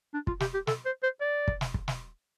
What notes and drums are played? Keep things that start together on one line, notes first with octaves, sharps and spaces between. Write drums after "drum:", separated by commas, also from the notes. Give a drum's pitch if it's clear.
D4
F4, drum: kick
G4, drum: snare
G4
A4, drum: snare
C5
C5
D5
drum: kick
drum: snare
drum: kick
drum: snare